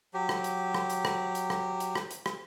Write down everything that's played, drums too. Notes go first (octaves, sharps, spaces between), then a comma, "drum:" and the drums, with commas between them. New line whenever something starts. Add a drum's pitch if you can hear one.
F#3 G4
drum: rim click
drum: hi-hat
drum: rim click
drum: hi-hat
drum: rim click
drum: hi-hat
drum: rim click
drum: hi-hat
drum: rim click
drum: hi-hat
drum: rim click